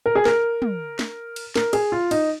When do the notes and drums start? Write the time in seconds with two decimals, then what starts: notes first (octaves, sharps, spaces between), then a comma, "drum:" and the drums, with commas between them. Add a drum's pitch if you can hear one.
0.06 A#4
0.15 G#4
0.25 A#4, drum: snare
0.62 drum: tom
0.99 drum: snare
1.36 drum: cymbal
1.56 A#4, drum: snare
1.73 G#4, drum: cymbal
1.92 F4
2.11 D#4, drum: cymbal